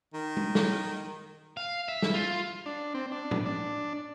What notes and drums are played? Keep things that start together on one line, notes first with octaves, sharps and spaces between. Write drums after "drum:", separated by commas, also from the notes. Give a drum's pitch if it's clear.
D#3
drum: tom G#3
drum: snare
F5
E5
drum: snare
F4
D4
C4
D4
drum: tom
D4